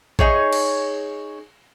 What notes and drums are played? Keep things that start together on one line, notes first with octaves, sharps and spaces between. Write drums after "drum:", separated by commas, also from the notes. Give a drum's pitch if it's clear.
D#4 G#4 C#5, drum: kick
drum: cymbal